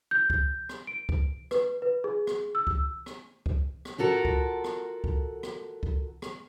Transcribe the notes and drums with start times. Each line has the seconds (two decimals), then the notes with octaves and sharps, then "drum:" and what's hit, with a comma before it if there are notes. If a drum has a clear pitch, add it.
0.11 G6
0.30 drum: kick
0.69 drum: rim click
0.87 D7
1.09 drum: kick
1.51 B4, drum: rim click
1.82 B4
2.04 G#4
2.27 drum: rim click
2.55 E6
2.67 drum: kick
3.06 drum: rim click
3.46 drum: kick
3.85 drum: rim click
3.98 F4 F#4 A4 A#4
4.25 drum: kick
4.64 drum: rim click
5.04 drum: kick
5.43 drum: rim click
5.83 drum: kick
6.22 drum: rim click